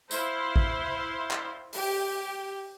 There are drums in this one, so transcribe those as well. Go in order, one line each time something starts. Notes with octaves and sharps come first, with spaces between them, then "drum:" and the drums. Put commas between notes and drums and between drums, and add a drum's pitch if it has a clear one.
E4 C5 F5 C6, drum: tambourine
drum: kick
drum: clap
G4 G5, drum: open hi-hat